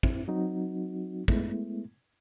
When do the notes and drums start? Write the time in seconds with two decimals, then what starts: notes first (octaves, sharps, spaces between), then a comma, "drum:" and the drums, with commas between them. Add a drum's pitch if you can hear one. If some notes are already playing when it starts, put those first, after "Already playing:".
0.03 C4 E4, drum: kick
0.28 F#3 C4 D#4 F#4
1.28 G#3 A3 B3 E4, drum: kick